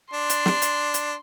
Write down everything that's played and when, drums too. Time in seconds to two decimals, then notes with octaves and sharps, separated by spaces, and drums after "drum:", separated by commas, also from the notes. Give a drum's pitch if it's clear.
0.13 D4 C6
0.30 drum: hi-hat
0.46 drum: snare
0.62 drum: hi-hat
0.94 drum: hi-hat